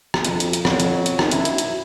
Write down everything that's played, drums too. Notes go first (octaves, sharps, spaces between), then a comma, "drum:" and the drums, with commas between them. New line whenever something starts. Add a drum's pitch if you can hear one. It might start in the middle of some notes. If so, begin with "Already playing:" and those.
drum: rim click
F2, drum: hi-hat
drum: hi-hat
drum: hi-hat
F2 F#3, drum: rim click
drum: hi-hat
drum: hi-hat
D#3, drum: rim click
F#2 E4, drum: hi-hat
drum: hi-hat
drum: hi-hat